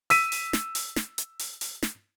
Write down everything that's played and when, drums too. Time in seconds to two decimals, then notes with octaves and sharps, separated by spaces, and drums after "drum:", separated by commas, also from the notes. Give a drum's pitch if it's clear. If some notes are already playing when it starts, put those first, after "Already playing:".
0.10 E6 B6 D#7, drum: open hi-hat
0.32 drum: open hi-hat
0.53 drum: snare
0.75 drum: open hi-hat
0.96 drum: snare
1.18 drum: hi-hat
1.39 drum: open hi-hat
1.61 drum: open hi-hat
1.82 drum: snare